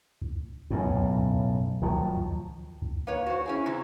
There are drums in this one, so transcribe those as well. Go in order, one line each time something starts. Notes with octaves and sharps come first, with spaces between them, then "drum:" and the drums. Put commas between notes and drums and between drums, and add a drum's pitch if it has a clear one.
drum: kick
B1 F#2 A2
drum: kick
drum: kick
D#3 F3 F#3, drum: kick
drum: kick
drum: kick
A#3 B4 C#5
F#4 C5
C#4 E4 G#4
C3 C4 E4